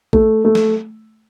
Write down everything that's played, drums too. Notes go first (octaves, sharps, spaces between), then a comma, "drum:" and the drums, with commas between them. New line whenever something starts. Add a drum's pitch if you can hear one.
A3, drum: kick A1
A3
drum: snare